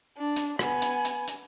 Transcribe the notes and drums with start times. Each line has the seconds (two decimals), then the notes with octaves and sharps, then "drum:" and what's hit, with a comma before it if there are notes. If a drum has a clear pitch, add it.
0.18 D4
0.37 drum: hi-hat
0.59 B3 G#5, drum: rim click
0.82 drum: hi-hat
1.05 drum: hi-hat
1.28 drum: hi-hat